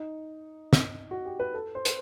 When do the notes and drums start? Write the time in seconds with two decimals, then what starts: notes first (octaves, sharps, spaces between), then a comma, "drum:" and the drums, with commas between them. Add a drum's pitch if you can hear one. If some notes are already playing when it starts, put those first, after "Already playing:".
Already playing: D#4
0.73 drum: snare
1.11 F#4
1.25 G4
1.40 B4
1.54 A4
1.75 C5
1.85 B4, drum: hi-hat